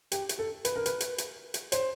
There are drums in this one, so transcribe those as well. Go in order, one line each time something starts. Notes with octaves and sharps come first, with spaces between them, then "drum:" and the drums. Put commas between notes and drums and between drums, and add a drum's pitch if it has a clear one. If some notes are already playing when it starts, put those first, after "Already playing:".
G4, drum: hi-hat
drum: hi-hat
A4
B4, drum: hi-hat
A#4
B4, drum: hi-hat
drum: hi-hat
drum: hi-hat
drum: hi-hat
C5, drum: hi-hat